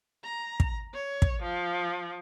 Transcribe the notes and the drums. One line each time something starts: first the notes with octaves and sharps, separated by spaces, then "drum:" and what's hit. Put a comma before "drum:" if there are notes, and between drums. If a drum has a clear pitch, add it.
A#5
drum: kick
C#5
drum: kick
F3